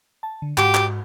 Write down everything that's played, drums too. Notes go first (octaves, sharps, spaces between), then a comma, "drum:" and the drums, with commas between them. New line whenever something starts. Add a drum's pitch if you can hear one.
A5
D3
G#2 F#4 G4 F#5, drum: clap
drum: clap